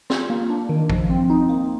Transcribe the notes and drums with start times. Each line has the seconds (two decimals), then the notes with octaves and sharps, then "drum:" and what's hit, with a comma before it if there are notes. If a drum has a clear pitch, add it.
0.10 F4, drum: snare
0.30 A#3
0.50 D4
0.69 D#3
0.90 F3, drum: kick A1
1.10 C4
1.30 D#4
1.49 A#3